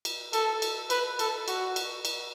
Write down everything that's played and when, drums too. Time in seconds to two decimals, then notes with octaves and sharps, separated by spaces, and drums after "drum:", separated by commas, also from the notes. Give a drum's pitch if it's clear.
0.05 drum: cymbal
0.33 A4, drum: cymbal
0.62 drum: cymbal
0.90 B4, drum: cymbal
1.19 A4, drum: cymbal
1.48 F#4, drum: cymbal
1.76 drum: cymbal
2.05 drum: cymbal